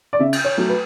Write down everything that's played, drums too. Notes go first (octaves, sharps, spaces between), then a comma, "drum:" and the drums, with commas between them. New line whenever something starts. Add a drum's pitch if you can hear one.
D5
C#3 E5
drum: cymbal
C#5
F#3 A3
B4